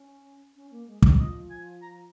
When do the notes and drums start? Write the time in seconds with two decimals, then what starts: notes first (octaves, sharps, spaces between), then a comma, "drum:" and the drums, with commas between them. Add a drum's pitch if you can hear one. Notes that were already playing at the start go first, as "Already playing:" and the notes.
Already playing: C#4
0.56 C#4
0.71 A#3
0.87 G#3
1.02 G3, drum: kick
1.19 F3 D#5
1.51 G#5
1.82 A#5